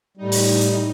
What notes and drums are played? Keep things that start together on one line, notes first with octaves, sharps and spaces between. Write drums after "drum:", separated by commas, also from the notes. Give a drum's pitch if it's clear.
A2 G3 D#4
drum: open hi-hat
drum: hi-hat